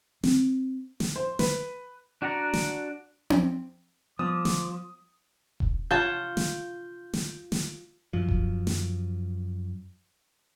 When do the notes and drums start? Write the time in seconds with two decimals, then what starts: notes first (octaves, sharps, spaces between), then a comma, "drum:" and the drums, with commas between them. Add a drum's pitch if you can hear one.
0.24 C4, drum: snare
1.00 drum: snare
1.16 C5
1.39 B4, drum: snare
2.22 D4 F#4 D5 F#5 A#5
2.54 drum: snare
3.30 drum: tom C4
4.19 F3 G3 B3 D6 D#6
4.45 drum: snare
5.60 drum: kick E1
5.91 F4 C#5 F#5 A5 G6
6.37 drum: snare
7.13 drum: snare
7.52 drum: snare
8.13 F#2 F3
8.28 drum: kick E1
8.67 drum: snare